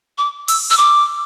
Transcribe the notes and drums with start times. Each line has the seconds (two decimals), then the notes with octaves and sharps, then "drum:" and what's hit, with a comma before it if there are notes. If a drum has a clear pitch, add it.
0.18 D6
0.48 E6, drum: open hi-hat
0.70 E6
0.78 D6